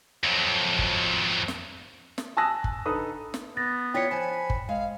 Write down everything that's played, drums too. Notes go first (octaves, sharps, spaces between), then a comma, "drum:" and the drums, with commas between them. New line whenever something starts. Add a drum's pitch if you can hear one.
F2 F#3
drum: kick G1
drum: snare
drum: snare
G#5 A5 D#6 E6 F#6 A#6
drum: kick G1
D3 D#4 A4 B4 D#6
drum: snare
B3 A6 A#6
E4 F4 C#5 D5 G5 B6 C#7
F3 G#5 A5 B5
drum: kick G1
G#3 F5